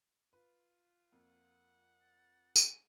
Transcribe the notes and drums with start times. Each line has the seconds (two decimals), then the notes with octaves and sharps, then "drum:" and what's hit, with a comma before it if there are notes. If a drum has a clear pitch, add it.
0.33 F4 B4
1.12 F2 A#3 F#5
2.00 A6
2.56 G#5, drum: tambourine